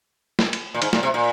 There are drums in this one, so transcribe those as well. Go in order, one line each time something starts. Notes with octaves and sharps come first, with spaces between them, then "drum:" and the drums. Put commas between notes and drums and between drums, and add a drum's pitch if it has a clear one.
drum: snare
drum: cymbal
A#2
G#2, drum: cymbal
A#2, drum: snare
C3
A#2